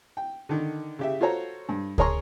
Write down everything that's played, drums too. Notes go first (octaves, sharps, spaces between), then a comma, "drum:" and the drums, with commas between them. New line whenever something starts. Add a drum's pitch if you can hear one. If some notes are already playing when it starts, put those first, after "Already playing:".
G5
D3 D#3
C#3 G4 E5
F4 F#4 A4 C5 C#5 A#5
G2
G#4 A#4 C#5 A#5 C6 C#6, drum: kick C#2